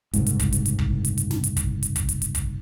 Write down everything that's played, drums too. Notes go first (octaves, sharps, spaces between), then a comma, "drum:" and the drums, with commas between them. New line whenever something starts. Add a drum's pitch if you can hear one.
F#1 C2 G#2, drum: hi-hat
drum: hi-hat
drum: kick, hi-hat
drum: hi-hat
drum: hi-hat
drum: kick
drum: hi-hat
drum: hi-hat
drum: snare
drum: hi-hat
drum: kick, hi-hat
drum: hi-hat
drum: kick, hi-hat
drum: hi-hat
drum: hi-hat
drum: kick, hi-hat